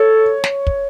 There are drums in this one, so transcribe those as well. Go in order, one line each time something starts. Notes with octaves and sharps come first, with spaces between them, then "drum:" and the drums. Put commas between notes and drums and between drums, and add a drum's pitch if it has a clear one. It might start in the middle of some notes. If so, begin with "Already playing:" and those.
Already playing: A4 C#5
drum: snare
drum: kick